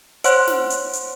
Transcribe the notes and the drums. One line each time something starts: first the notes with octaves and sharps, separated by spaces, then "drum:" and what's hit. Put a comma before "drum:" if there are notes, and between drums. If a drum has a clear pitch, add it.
C5 C#5 F#5 C6 F#6, drum: hi-hat
drum: snare
drum: hi-hat
drum: hi-hat